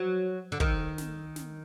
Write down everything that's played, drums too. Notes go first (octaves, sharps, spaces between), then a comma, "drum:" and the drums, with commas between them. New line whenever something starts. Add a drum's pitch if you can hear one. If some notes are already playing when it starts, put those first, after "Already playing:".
Already playing: F#3
D3
D#3, drum: kick
drum: snare
drum: snare